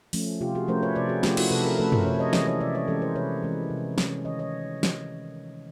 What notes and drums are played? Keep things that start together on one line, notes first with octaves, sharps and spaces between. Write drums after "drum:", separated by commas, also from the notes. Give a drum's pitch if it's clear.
F3 A3 C#4, drum: open hi-hat
C3 F4 G4
F#4 G#4
F3 A3 C#4 A#4 C5
B4 C#5
C3 C5 D5
F#4 G#4
F3 A3 C#4 F4 G4, drum: snare
E4 F#4, drum: cymbal
C3 A4 B4
G#4 A#4
F3 A3 C#4 A4 B4
A#4 C5, drum: tom F#2
C3 B4 C#5
C#5 D#5
E3 G#3 C#4 C#5 D#5, drum: snare
C#5 D#5
C3 D5 E5
C#5 D#5
E3 G#3 C#4 G4 A4
A#4 C5
C3 B4 C#5
E3 G#3 C#4
C3
E3 G#3 C#4, drum: snare
D#3 C#5 D#5
C#5 D#5
drum: snare